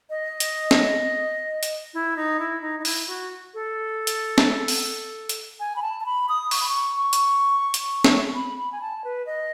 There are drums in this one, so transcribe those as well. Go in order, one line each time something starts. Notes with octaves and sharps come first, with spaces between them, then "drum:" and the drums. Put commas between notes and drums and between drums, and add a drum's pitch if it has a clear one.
D#5
drum: hi-hat
drum: snare
drum: hi-hat
E4
D#4
E4
D#4
D#4
E4, drum: open hi-hat
F#4
A4
drum: hi-hat
drum: snare
drum: open hi-hat
drum: hi-hat
G#5
B5
A5
A5
B5
D#6
C#6, drum: open hi-hat
B5
C#6
C#6
drum: hi-hat
drum: hi-hat
drum: snare
B5
B5
G#5
A5
B4
D#5